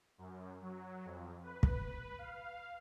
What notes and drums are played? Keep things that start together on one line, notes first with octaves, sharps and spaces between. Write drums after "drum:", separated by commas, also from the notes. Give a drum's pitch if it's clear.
F#2
F#3
F2
B4
drum: kick
F5